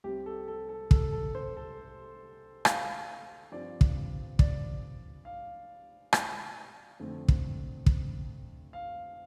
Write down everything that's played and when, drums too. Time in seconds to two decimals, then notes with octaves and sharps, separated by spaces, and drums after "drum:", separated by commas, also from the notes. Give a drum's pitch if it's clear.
0.04 C2 C3 G3 C4 G4
0.26 A4
0.48 A4
0.69 A4
0.91 A4, drum: kick
1.12 A4
1.35 C5
1.57 A4
2.65 F5, drum: rim click
3.52 G2 F3 C4 D5
3.81 drum: kick
4.39 D5, drum: kick
5.25 F5
6.13 drum: rim click
6.99 F2 D3 A3 C4
7.28 drum: kick
7.86 drum: kick
8.73 F5